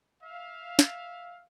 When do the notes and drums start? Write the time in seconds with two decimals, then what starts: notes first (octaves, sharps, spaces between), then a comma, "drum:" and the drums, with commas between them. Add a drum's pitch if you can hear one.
0.22 E5 F5
0.79 drum: snare